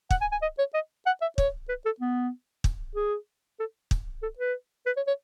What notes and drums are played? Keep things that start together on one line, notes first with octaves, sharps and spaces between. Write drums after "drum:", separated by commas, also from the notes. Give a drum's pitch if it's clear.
F#5, drum: kick
G#5
G#5
D#5
C#5
D#5
F#5
E5
C#5, drum: kick
B4
A4
B3
drum: kick
G#4
A4
drum: kick
A4
B4
B4
C#5
C#5